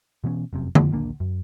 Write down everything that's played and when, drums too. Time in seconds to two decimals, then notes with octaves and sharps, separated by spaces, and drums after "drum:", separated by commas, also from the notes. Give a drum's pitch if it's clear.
0.24 B2 E3 B3 C#4
0.53 F1 F#2 C3
0.75 F2 F3, drum: tom D3
0.92 A#1 D#2 A#3 D4
1.20 F#2